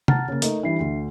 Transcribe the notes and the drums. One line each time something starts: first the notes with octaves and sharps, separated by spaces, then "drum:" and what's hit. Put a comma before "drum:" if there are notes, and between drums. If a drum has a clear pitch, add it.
F#5 A5 A#5 F6 A6, drum: tom C3
C#3 A#3
A3 D#4 A4 A#4 D#5, drum: hi-hat
E3 G3 D4 E4 E5 C7
D2